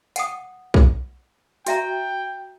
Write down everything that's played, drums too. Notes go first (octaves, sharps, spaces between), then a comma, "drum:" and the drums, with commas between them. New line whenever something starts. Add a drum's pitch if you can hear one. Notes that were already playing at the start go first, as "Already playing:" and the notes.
F#5 G5 D#6, drum: hi-hat
drum: kick
F#4 E5 G5 A#5, drum: hi-hat